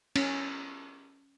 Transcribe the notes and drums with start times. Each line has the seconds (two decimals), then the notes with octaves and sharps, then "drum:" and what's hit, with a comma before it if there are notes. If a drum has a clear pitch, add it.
0.16 C#4, drum: cymbal